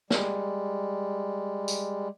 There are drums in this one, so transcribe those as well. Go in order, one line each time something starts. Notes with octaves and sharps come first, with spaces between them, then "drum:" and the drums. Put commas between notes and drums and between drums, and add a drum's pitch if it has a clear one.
G3 G#3, drum: snare
drum: tambourine